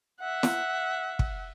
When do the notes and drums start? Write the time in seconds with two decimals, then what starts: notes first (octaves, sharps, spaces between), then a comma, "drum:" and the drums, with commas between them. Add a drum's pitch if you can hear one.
0.20 E5 F#5
0.43 drum: snare
1.19 drum: kick